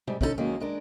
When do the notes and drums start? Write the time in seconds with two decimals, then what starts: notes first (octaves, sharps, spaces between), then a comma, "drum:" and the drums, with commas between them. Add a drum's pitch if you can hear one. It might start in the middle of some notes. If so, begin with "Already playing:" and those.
0.07 G#2 G3, drum: tom B2
0.21 D3 C#4 D#4 E4 A4, drum: kick
0.38 D#3 F#3 G#3 A#3 C#4
0.60 G#3 D4 A#4